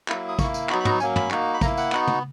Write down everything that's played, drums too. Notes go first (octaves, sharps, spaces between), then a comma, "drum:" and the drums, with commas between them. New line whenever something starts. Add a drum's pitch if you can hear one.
F#3 A#3 E4, drum: clap
D#6
A#3 E4 C#6, drum: kick, tambourine
drum: tambourine
F#3 B3 D#4 F#4 B5, drum: clap
B5
A#5, drum: tom
F#3 A#3 C#4 G#5, drum: tambourine
B5, drum: tom
A#3 D#4 F#4, drum: clap
B5
A#3 E4 A#5, drum: kick, tambourine
F#5, drum: tambourine
B3 D#4 F#4, drum: clap
drum: tom